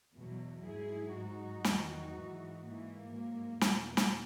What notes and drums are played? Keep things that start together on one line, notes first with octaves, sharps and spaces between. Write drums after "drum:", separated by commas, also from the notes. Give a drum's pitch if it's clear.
E2 B2 F#3
G#2 F#3 E4 G#4
G#2 F#3 D#4 F#4
E2 D#3 F#3, drum: snare
G#2 E3
G#2 E3 A#3
G#2 F#3
E2 B2 F#3, drum: snare
drum: snare